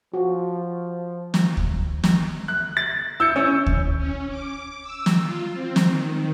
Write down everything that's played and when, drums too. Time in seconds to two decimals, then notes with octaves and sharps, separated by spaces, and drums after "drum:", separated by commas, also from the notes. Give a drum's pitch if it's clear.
0.13 F3 F#4
1.34 drum: snare
1.57 drum: kick D2
2.04 drum: snare
2.48 F#6
2.77 A6
3.20 E4 E6 G6 C#7
3.36 C#4
3.66 drum: kick D2
3.97 C#4
4.30 D6
4.83 E6
5.06 drum: snare
5.22 F4
5.53 C4
5.76 drum: snare
5.89 D#3